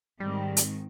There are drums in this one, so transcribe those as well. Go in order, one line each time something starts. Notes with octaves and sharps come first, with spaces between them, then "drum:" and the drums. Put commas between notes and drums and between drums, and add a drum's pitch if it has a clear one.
G#2 D#3 G3 C4
drum: hi-hat